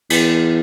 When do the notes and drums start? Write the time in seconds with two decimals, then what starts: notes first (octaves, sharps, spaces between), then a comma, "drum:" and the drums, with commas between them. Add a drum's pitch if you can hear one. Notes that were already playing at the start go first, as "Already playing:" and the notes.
0.10 E2, drum: cymbal